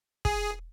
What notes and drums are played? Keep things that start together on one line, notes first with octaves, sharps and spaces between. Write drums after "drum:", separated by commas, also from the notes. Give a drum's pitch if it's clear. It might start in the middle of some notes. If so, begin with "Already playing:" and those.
G#4, drum: kick